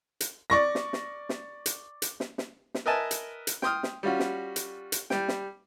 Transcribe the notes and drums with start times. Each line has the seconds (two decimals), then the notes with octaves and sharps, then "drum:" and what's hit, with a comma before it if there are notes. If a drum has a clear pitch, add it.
0.20 drum: hi-hat
0.50 D5 C#6 A#6
0.75 drum: snare
0.93 drum: snare
1.29 drum: snare
1.66 drum: hi-hat
2.02 drum: hi-hat
2.20 drum: snare
2.38 drum: snare
2.74 drum: snare
2.86 A#4 B4 D#5 E5 G#5 A5
3.11 drum: hi-hat
3.47 drum: hi-hat
3.62 G5 C6 D#6 F6, drum: snare
3.83 drum: snare
4.03 G3 C#4 F4 F#4
4.20 drum: snare
4.56 drum: hi-hat
4.92 drum: hi-hat
5.10 G3 G5, drum: snare
5.28 drum: snare